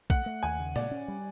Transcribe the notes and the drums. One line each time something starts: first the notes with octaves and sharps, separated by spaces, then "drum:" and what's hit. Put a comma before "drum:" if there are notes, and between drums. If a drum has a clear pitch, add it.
A3 F#5, drum: kick
A3
D#2 G#5
C#3
A#3 D5, drum: tom A#2
C#4
G3